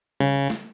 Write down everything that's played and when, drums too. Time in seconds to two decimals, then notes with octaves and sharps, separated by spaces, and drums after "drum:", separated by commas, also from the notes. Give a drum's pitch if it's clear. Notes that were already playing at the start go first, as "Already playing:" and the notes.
0.20 C#3, drum: tom G3
0.50 drum: snare